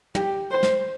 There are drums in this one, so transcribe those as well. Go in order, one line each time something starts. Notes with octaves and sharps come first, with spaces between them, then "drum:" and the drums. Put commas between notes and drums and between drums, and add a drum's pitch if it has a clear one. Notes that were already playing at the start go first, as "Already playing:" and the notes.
G4, drum: tom
C5
drum: snare